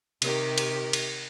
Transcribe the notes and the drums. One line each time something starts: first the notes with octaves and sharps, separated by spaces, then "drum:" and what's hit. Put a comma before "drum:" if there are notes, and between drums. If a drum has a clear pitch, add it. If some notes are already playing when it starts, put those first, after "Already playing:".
C3 D#3 G4, drum: cymbal
drum: cymbal
drum: cymbal